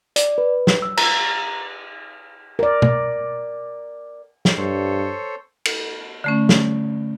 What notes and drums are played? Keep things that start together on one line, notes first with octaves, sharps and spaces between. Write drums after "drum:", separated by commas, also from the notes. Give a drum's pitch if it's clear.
D5, drum: hi-hat
B4
drum: snare
E6
A#5, drum: cymbal
A#4 D5
drum: tom B2
drum: snare
G2 A4 C5 C#5
drum: cymbal
D3 A3 C#4
drum: snare